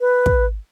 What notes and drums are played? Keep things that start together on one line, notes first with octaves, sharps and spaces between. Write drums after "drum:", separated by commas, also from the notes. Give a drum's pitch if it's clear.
B4
drum: kick